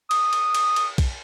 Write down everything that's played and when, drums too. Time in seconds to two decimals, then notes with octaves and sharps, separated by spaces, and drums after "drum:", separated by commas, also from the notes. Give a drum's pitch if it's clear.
0.11 D#6, drum: cymbal
0.33 drum: cymbal
0.55 drum: cymbal
0.76 drum: cymbal
0.98 drum: kick, cymbal